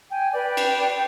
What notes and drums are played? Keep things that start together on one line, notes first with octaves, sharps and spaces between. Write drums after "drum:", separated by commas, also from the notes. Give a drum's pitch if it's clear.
G5 G#5
B4 D5 G5
drum: cymbal